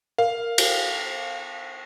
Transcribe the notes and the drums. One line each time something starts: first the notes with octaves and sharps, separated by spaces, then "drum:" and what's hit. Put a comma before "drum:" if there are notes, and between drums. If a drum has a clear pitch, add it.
A#4 F5
drum: cymbal